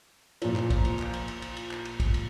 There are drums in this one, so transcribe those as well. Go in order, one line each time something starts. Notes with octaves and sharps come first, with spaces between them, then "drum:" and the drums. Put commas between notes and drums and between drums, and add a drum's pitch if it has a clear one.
A#2 F3, drum: cymbal
drum: clap
drum: kick, cymbal
drum: cymbal
drum: clap
drum: cymbal
drum: cymbal
drum: cymbal
drum: cymbal
drum: clap
drum: cymbal
drum: kick, cymbal
drum: cymbal